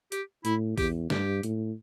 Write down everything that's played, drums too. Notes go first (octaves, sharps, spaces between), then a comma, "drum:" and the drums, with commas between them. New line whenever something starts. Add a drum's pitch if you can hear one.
G4, drum: hi-hat
A2 E4, drum: hi-hat
E2 G4, drum: kick A#1, open hi-hat
G2 G4, drum: snare
A2, drum: hi-hat